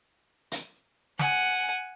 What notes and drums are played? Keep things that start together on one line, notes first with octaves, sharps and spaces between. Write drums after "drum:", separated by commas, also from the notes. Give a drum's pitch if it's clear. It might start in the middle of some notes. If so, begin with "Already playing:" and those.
drum: hi-hat
F#5 G#5, drum: snare